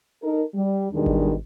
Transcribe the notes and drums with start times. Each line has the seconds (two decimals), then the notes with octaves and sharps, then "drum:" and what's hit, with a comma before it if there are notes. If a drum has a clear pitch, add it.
0.23 D#4 A4 A#4
0.54 G3
0.92 E2 B2 D#3 G3 G#3 D4
1.06 drum: kick G#1